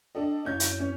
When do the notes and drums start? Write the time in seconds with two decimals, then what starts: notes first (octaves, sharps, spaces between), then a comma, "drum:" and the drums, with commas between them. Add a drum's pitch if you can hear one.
0.15 D4 A4 D#5 G5
0.45 F#2 C#4 E4 G6 G#6
0.60 drum: hi-hat
0.80 C4 C#4 B4